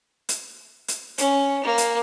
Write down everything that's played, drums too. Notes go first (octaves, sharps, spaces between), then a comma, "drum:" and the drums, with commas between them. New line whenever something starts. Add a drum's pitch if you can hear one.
drum: hi-hat
drum: hi-hat
C#4, drum: hi-hat
A#3
drum: hi-hat